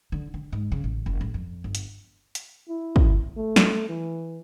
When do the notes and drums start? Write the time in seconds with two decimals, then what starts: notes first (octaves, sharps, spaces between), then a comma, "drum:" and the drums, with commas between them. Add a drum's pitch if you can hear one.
0.12 D3
0.34 D3
0.52 G#2
0.72 C#3
0.84 A1
1.06 F#1
1.21 A1
1.34 F2
1.64 G1
1.75 drum: hi-hat
2.35 drum: hi-hat
2.69 E4
2.96 drum: kick
3.37 A3
3.56 drum: snare
3.89 E3